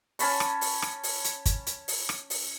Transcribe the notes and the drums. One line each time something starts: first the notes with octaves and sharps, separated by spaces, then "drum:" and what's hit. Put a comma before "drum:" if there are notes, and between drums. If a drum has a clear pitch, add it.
C#4 A5 B5 C#6, drum: open hi-hat
drum: rim click
drum: open hi-hat
drum: rim click
drum: open hi-hat
drum: hi-hat
drum: kick, hi-hat
drum: hi-hat
drum: open hi-hat
drum: rim click
drum: open hi-hat